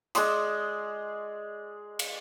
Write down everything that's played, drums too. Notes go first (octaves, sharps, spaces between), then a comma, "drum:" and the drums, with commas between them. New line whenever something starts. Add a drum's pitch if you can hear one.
G#3 D5 C6 D#6, drum: hi-hat
drum: cymbal